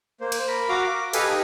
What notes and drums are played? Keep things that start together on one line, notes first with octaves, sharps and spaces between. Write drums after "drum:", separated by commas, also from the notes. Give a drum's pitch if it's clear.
A#3 C5
drum: cymbal
A#4 B5
F#4 F5 A#5 D6
D6
G4 A4 B4 D#5 F5 G#5, drum: cymbal
D#4 G4